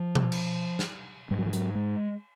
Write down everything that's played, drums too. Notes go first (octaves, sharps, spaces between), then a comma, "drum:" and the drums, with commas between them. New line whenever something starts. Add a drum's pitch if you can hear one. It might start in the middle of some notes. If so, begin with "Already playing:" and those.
Already playing: F3
drum: tom B2
drum: cymbal
drum: snare
G#2 G3
F#3
F3
F#3, drum: hi-hat
G#3